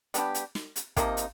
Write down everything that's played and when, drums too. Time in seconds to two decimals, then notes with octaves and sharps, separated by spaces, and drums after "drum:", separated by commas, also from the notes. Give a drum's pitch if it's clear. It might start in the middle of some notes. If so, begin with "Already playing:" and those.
0.14 G3 B3 D4 G4, drum: hi-hat
0.34 drum: hi-hat
0.55 drum: snare
0.76 drum: hi-hat
0.97 C3 F3 A#3 D#4, drum: kick, hi-hat
1.17 drum: hi-hat